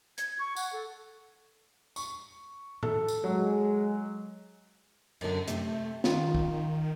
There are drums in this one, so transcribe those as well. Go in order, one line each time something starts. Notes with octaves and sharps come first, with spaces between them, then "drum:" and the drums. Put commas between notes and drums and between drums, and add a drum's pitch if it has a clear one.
G#6, drum: hi-hat
C#6
F#5, drum: tambourine
A4
C#6, drum: tambourine
A4, drum: tom G#2
drum: tambourine
F#3 G#3
F#2 D3, drum: cymbal
C3 A3, drum: hi-hat
D#3 F4, drum: snare
drum: kick